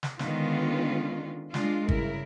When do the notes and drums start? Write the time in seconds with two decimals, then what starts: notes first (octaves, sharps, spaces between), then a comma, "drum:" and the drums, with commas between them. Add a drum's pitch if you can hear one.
0.03 drum: snare
0.19 D3 D#3 G#3 B3 C#4 F4, drum: snare
1.54 G#3 D4 F4, drum: snare
1.89 G2 C#3 E4 A#4, drum: kick G#1